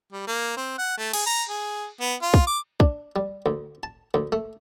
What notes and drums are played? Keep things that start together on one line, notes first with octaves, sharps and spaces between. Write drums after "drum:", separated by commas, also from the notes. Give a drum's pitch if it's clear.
G3
A#3
C4
F#5
A3
G#4, drum: cymbal
A#5
G#4
B3
F4
drum: kick
D6
D4, drum: kick
G3
D2
A5
D2
A3